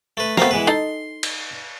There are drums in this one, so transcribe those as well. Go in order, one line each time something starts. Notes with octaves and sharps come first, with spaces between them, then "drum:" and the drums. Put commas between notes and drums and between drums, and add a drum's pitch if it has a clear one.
A3 B4
A3 B3 C4 A#4 F5, drum: snare
E3 G#3 B4
D#4 A4 D#5 C6
drum: cymbal